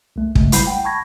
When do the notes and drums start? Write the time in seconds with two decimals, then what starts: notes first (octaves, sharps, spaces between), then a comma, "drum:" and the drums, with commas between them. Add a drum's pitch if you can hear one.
0.16 C2 A3
0.35 C#3 G#3 A3, drum: kick
0.52 B1 G3 E4 B5 G6 C7, drum: hi-hat
0.67 F#5 G5
0.84 A5 B5 C#6 G#6 A#6